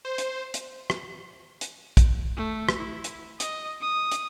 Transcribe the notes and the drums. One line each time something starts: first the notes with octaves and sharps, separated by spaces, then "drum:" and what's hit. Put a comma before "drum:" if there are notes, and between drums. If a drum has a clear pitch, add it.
C5
drum: hi-hat
drum: hi-hat
drum: rim click
drum: hi-hat
drum: kick, hi-hat
A3
drum: rim click
E4
drum: hi-hat
D#5, drum: hi-hat
D#6
drum: hi-hat